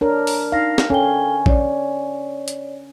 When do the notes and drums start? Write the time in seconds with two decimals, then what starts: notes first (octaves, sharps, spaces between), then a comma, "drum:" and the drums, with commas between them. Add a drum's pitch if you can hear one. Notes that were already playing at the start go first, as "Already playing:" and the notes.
0.01 D4 A#4 C#5
0.27 drum: open hi-hat
0.52 D#4 F5 A#6
0.78 drum: snare
0.90 C#4 A4 G5 G7
1.46 C#4 C#5 D5, drum: kick A#1
2.48 drum: hi-hat